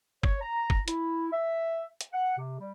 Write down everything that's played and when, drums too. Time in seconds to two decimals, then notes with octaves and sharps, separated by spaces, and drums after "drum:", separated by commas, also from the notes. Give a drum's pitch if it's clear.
0.23 C#5, drum: kick
0.41 A#5
0.70 drum: kick
0.88 E4, drum: hi-hat
1.32 E5
2.01 drum: hi-hat
2.13 F#5
2.36 C3
2.60 G3